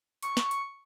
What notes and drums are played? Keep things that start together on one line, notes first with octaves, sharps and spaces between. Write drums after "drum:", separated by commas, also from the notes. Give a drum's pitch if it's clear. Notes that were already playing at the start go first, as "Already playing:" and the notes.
C#6, drum: hi-hat
drum: snare
drum: hi-hat